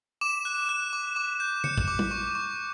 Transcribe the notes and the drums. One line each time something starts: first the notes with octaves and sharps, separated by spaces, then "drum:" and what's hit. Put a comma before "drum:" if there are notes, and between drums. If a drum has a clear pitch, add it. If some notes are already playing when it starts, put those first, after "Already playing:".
D6 E7
F#6
F#6
D6
D6
G6
G6 C#7, drum: tom
drum: kick
D6
drum: tom
C#6
C#6